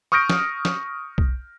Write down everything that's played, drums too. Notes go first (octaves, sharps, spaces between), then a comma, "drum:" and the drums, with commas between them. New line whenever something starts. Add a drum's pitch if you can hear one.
C#6 D#6 F6 G6 A#6 D7
drum: snare
drum: snare
drum: kick B1